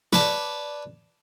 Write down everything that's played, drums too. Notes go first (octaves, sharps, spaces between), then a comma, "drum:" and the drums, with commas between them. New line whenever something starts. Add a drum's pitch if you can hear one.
B4 C#5 D5 A5, drum: snare